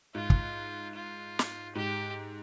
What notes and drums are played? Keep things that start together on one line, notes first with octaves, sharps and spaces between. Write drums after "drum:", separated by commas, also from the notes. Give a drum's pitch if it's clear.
G#2 F4
drum: kick
F4
drum: snare
G#2 G4